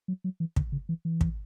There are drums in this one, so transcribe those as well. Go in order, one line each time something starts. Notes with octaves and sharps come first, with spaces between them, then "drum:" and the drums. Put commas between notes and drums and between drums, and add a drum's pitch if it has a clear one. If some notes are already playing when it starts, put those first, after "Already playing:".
F#3
F#3
E3
D3, drum: kick
C#3
E3
E3
drum: kick